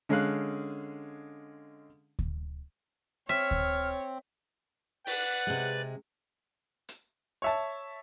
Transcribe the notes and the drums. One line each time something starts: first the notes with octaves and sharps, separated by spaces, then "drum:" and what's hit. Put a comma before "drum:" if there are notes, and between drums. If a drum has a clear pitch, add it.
D3 G#3 C#4 G#4 F5 F#6
drum: kick D2
C4 C#5 E5 F6
drum: kick D2
B4 D5 F#5, drum: open hi-hat
C3 G#3
drum: hi-hat
C#5 E5 A5